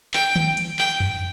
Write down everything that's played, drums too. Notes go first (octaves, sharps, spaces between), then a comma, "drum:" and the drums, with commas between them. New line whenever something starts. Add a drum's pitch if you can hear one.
G5, drum: clap
drum: tom D#3
drum: hi-hat
G5, drum: clap
drum: tom F2